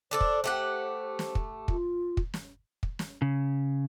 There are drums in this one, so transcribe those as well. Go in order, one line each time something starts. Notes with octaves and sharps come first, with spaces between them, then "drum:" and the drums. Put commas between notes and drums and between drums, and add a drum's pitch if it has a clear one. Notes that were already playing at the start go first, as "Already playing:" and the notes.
D4 A4 C5 D5
drum: kick
A3 G4 F#5
drum: snare
drum: kick
F4, drum: kick
drum: kick
drum: snare
drum: kick
drum: snare
C#3